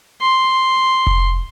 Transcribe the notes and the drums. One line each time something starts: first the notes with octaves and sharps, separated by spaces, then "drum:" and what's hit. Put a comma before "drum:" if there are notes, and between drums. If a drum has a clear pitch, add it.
C6
drum: kick F1